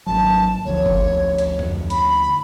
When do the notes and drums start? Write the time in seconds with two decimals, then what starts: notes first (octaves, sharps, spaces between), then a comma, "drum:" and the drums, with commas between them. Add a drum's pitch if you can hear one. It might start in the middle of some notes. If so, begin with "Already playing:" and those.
0.06 G#1 D#2 F#3 A5
0.65 D2 F3 C#5
0.86 drum: kick G1
1.38 drum: hi-hat
1.59 drum: tom F2
1.90 B5, drum: hi-hat